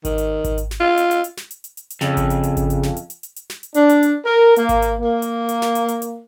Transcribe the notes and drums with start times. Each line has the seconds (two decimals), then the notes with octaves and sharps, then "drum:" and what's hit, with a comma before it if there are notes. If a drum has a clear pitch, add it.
0.05 D#3, drum: kick G#1, hi-hat
0.18 drum: hi-hat
0.44 drum: kick G#1, hi-hat
0.58 drum: hi-hat
0.71 drum: snare
0.80 F4
0.98 drum: hi-hat
1.11 drum: hi-hat
1.24 drum: hi-hat
1.37 drum: snare
1.51 drum: hi-hat
1.64 drum: hi-hat
1.77 drum: hi-hat
1.90 drum: hi-hat
2.01 F2 C#3, drum: snare
2.17 drum: kick G#1, hi-hat
2.30 drum: hi-hat
2.43 drum: hi-hat
2.57 drum: kick G#1, hi-hat
2.70 drum: hi-hat
2.83 drum: snare
2.97 drum: hi-hat
3.10 drum: hi-hat
3.23 drum: hi-hat
3.36 drum: hi-hat
3.50 drum: snare
3.63 drum: hi-hat
3.74 D4, drum: hi-hat
3.89 drum: hi-hat
4.03 drum: hi-hat
4.25 A#4
4.56 A#3, drum: hi-hat
4.69 drum: kick G#1, hi-hat
4.82 drum: hi-hat
5.01 A#3
5.22 drum: hi-hat
5.49 drum: hi-hat
5.62 drum: snare
5.75 drum: hi-hat
5.88 drum: hi-hat
6.02 drum: hi-hat